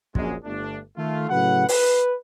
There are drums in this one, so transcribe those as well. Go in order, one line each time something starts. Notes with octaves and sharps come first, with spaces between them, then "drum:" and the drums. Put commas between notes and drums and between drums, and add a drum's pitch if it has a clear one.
A#1 F#2 G#3, drum: kick
G1 A3 D4
D#3 A3 F4
A2 C#3 F#3 B4 F#5
B4, drum: open hi-hat